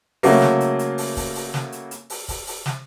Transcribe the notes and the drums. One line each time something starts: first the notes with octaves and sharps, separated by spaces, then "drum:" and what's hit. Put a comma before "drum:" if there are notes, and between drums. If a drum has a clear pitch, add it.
C#3 F#3 A3 A#3, drum: open hi-hat
drum: snare
drum: hi-hat
drum: hi-hat
drum: open hi-hat
drum: kick, open hi-hat
drum: open hi-hat
drum: snare
drum: hi-hat
drum: hi-hat
drum: open hi-hat
drum: kick, open hi-hat
drum: open hi-hat
drum: snare